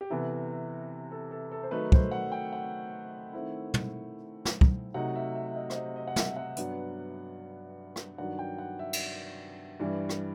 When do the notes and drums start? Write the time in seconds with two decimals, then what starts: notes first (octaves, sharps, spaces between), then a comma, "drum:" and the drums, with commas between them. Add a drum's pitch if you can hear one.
0.01 G4
0.10 C3 E3 B3 A4
1.12 A4
1.31 A4
1.52 A4
1.63 C5
1.71 D#3 F#3 A3 D#4 B4
1.92 C5, drum: kick
2.11 F#5
2.32 G5
2.53 F#5
3.33 D#3 A3 C4 E4
3.74 drum: tom
4.45 drum: snare
4.61 drum: kick
4.94 C3 F#3 A3 D#4 F#5
5.15 E5
5.35 E5
5.56 D#5
5.70 C5, drum: rim click
5.76 D#5
5.96 D#5
6.07 F#5
6.16 E5, drum: snare
6.36 F#5
6.57 G2 F#3 B3, drum: hi-hat
7.96 drum: rim click
8.18 G2 D#3 F#3 F#5
8.39 G5
8.58 F#5
8.79 E5
8.93 drum: cymbal
9.80 G2 E3 G3
10.09 drum: rim click